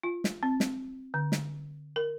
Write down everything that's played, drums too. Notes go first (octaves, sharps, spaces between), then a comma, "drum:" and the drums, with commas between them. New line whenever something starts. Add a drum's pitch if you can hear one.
F4
drum: snare
C4
drum: snare
D3
drum: snare
A#4